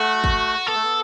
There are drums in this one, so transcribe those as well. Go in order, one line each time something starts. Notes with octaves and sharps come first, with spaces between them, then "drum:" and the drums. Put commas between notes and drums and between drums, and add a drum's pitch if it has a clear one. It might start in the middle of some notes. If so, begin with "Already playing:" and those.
Already playing: A3 F#4
drum: kick
B3 A4
A3
B3